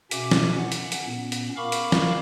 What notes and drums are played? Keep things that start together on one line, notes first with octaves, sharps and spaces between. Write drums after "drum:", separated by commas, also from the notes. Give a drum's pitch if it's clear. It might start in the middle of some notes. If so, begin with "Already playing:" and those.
B2 C#4 E5 G#5 D6, drum: hi-hat
drum: snare
F#5
drum: hi-hat
drum: hi-hat
A#2 B3 C#4
drum: hi-hat
A#4 F5 B5 C#6 D6
drum: hi-hat
drum: snare